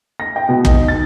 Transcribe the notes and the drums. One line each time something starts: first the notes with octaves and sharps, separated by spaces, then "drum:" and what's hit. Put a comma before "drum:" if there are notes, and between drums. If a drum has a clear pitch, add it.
A#6
G5
B2
D#4, drum: kick
A6